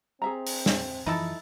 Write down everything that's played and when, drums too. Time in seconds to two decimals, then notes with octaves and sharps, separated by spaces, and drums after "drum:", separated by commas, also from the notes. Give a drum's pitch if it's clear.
0.22 C4 G#4 E5 A#5
0.47 drum: open hi-hat
0.66 drum: snare
1.06 F#2 E3 F3 D#4 E4 A4